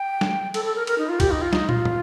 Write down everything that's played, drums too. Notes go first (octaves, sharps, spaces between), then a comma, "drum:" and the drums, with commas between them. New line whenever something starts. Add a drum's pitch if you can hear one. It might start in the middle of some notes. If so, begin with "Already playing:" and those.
Already playing: G5
drum: snare
A4, drum: cymbal
A4
A#4
A#4, drum: cymbal
D#4
F4
G4, drum: kick, cymbal
D#4
F4
D#4, drum: snare
F4, drum: tom
drum: tom